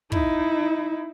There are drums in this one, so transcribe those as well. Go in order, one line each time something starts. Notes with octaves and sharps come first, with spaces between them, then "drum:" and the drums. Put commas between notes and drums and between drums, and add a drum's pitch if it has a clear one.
D#4 E4, drum: kick